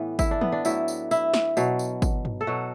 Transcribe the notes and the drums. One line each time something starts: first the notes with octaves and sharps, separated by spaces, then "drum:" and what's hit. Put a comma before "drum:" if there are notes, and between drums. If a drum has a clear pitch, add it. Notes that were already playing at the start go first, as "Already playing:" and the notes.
Already playing: A2 E3 B3
E4, drum: kick, tambourine
D4
B3, drum: tom E3
D4
A2 F#3 E4, drum: tambourine
drum: tambourine
E4, drum: tambourine
drum: snare
B2 F#3, drum: tambourine
drum: tambourine
drum: kick, tambourine
drum: tom G2
A4
B2 F#3 F#4